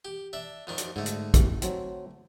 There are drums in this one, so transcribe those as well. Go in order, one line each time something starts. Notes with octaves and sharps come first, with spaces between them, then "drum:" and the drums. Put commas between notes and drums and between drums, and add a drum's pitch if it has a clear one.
G4
D4 E5
F2 D#3 D4
drum: hi-hat
G#2 D3 A3
drum: hi-hat
drum: kick, hi-hat
F#3 C4, drum: hi-hat